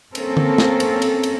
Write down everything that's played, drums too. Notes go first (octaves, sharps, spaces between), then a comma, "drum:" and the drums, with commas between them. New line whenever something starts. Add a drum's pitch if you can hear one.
A#3 C4 C#4 A4 A#4, drum: cymbal
drum: tom D3
drum: snare
drum: cymbal
drum: cymbal
drum: cymbal